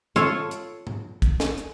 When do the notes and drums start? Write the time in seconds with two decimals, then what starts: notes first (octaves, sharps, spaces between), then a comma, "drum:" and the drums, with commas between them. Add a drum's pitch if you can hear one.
0.16 F4 A4 C#5, drum: hi-hat
0.51 drum: hi-hat
0.87 drum: tom G#2
1.22 drum: kick, hi-hat
1.40 drum: snare
1.58 drum: hi-hat